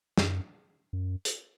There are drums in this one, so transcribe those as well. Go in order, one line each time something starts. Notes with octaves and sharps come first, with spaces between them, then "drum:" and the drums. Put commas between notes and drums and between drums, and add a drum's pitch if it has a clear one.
F#2, drum: snare
F#2
drum: hi-hat